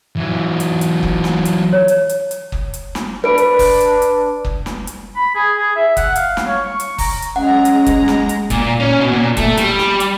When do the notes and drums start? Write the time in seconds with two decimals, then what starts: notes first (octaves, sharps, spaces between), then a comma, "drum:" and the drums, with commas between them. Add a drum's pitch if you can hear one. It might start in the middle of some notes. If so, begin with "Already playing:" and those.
0.17 E3 F#3
0.60 drum: hi-hat
0.81 drum: hi-hat
1.03 drum: kick
1.24 drum: snare
1.45 drum: hi-hat
1.73 C#5
1.88 drum: hi-hat
2.09 drum: hi-hat
2.31 drum: hi-hat
2.52 drum: kick
2.74 drum: hi-hat
2.95 drum: snare
3.24 D4 B4 D7
3.38 drum: hi-hat
3.59 drum: kick, open hi-hat
3.80 drum: hi-hat
4.02 drum: hi-hat
4.45 drum: kick
4.66 drum: snare
4.87 drum: hi-hat
5.16 B5
5.35 G#4
5.57 G#4
5.76 E5
5.97 F#5, drum: kick, hi-hat
6.16 F5, drum: hi-hat
6.37 drum: snare
6.46 C#5
6.65 C#6
6.80 drum: hi-hat
6.98 A#5, drum: kick, open hi-hat
7.22 drum: hi-hat
7.36 G#3 C#4 F#5 A#5
7.65 drum: hi-hat
7.86 drum: kick, hi-hat
8.08 drum: snare
8.29 drum: hi-hat
8.50 A#2, drum: kick, hi-hat
8.80 C#4
8.99 B2
9.11 A#2
9.37 A3, drum: kick, hi-hat
9.57 G3, drum: hi-hat
9.79 drum: snare
10.00 drum: hi-hat